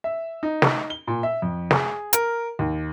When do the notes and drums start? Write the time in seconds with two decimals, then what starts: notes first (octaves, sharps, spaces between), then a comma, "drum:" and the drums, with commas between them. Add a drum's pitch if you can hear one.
0.04 E5
0.43 D#4
0.62 drum: snare
0.90 G7
1.07 A#2
1.23 E5
1.42 F2
1.71 G#4, drum: snare
2.13 A#4, drum: hi-hat
2.59 D#2